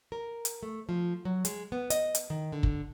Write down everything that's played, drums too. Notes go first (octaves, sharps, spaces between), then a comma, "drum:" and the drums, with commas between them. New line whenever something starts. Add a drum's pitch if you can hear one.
A#4
drum: hi-hat
A3
F3
F#3
G#3, drum: hi-hat
B3
D#5, drum: hi-hat
drum: hi-hat
D#3
D3
drum: kick